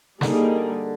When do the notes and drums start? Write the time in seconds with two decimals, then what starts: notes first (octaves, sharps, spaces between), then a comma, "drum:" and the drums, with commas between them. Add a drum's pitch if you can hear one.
0.21 D3 G3 A#3 D#4 G#4, drum: snare